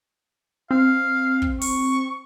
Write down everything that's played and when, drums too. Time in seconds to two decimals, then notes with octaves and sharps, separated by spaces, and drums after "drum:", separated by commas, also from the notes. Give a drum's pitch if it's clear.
0.71 C4 F5
1.42 drum: kick
1.61 C#6, drum: open hi-hat